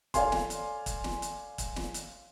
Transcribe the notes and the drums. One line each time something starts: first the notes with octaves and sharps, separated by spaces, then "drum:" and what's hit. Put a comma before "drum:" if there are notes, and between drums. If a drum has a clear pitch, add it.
A4 C#5 D5 F5 G#5 C6, drum: kick, hi-hat
drum: snare
drum: hi-hat
drum: kick, hi-hat
drum: snare
drum: hi-hat
drum: kick, hi-hat
drum: snare
drum: hi-hat